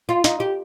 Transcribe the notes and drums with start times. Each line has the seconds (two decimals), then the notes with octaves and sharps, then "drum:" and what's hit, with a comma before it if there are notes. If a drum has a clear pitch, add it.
0.09 F4
0.24 D#4, drum: snare
0.40 G4